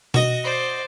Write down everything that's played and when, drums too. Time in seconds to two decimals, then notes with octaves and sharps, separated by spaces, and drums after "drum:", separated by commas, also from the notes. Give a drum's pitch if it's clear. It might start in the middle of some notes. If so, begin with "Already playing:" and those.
0.14 F#4 D#5, drum: tom B2
0.44 C5 D5